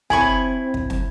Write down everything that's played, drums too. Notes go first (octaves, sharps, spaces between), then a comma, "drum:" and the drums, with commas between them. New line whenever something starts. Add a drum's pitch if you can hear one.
C4 E4 G#5 B5 C#6, drum: kick
drum: kick
drum: snare